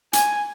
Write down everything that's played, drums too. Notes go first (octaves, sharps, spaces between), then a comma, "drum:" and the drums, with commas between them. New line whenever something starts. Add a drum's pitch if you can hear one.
G#5, drum: hi-hat